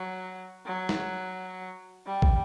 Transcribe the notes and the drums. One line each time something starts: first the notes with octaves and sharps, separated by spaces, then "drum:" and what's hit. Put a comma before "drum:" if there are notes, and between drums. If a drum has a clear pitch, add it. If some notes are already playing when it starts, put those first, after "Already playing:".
Already playing: F#3
F#3
drum: snare
G3
drum: kick